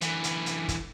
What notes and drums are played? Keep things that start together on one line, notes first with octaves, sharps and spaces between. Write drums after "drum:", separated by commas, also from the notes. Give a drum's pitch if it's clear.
D3 E3, drum: hi-hat
drum: hi-hat
drum: hi-hat
drum: kick G1, hi-hat